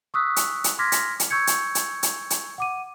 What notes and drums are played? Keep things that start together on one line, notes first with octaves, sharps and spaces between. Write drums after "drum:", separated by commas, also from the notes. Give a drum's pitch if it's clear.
C#6 D#6 E6 F#6 B6
drum: hi-hat
drum: hi-hat
C6 D6 F6 G#6 A#6 B6
drum: hi-hat
drum: hi-hat
C#6 E6 G6 G#6 C#7
drum: hi-hat
drum: hi-hat
drum: hi-hat
drum: hi-hat
F#5 D6 D#7